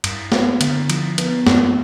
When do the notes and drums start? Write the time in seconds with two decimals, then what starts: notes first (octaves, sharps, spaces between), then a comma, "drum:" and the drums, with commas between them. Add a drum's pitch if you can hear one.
0.04 G2, drum: cymbal
0.32 B3, drum: snare
0.61 D3, drum: cymbal
0.90 F3, drum: cymbal
1.18 B3, drum: cymbal
1.47 G2, drum: snare